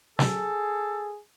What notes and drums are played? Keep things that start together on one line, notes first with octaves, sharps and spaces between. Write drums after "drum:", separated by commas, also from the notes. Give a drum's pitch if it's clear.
G#4 A4, drum: snare